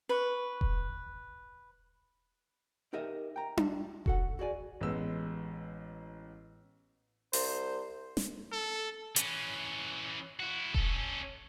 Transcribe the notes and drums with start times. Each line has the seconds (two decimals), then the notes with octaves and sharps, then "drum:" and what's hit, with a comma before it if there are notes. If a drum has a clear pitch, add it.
0.09 B4 C#6
0.61 drum: kick E1
2.93 D#4 G4 A#4 D#5 E5
3.36 G5 A#5
3.57 drum: tom D4
4.06 F#4 A4 F#5, drum: kick E1
4.39 F#4 G#4 D5 G#5
4.81 A1 G#3 B3 E6
7.33 C2 C5, drum: open hi-hat
8.17 drum: snare
8.52 A4
9.16 E3 C#4, drum: hi-hat
10.40 E4 F#4
10.74 C#4 A4, drum: kick E1